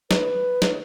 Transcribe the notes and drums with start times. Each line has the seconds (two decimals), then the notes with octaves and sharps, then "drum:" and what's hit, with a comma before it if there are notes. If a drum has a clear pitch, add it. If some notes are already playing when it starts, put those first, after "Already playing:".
0.11 B4, drum: snare
0.62 drum: snare